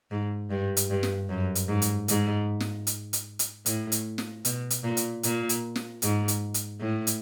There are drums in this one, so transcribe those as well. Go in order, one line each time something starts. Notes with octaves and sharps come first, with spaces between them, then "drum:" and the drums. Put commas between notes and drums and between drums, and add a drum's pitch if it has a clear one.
G#2
G2
drum: hi-hat
G2
drum: snare
F#2
drum: hi-hat
G#2
drum: hi-hat
G#2, drum: hi-hat
drum: snare
drum: hi-hat
drum: hi-hat
drum: hi-hat
A2, drum: hi-hat
drum: hi-hat
drum: snare
B2, drum: hi-hat
drum: hi-hat
A#2
drum: hi-hat
A#2, drum: hi-hat
drum: hi-hat
drum: snare
G#2, drum: hi-hat
drum: hi-hat
drum: hi-hat
A2
drum: hi-hat